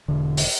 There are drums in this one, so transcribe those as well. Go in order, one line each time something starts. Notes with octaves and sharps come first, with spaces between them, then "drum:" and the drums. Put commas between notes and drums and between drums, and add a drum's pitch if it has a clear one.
E1 D3
drum: open hi-hat